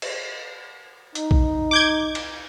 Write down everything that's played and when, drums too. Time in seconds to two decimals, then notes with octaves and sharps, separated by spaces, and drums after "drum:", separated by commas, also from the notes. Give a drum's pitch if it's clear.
0.02 drum: cymbal
1.15 D#4, drum: hi-hat
1.31 drum: kick A#1
1.71 D6 G6 G#6
2.15 drum: cymbal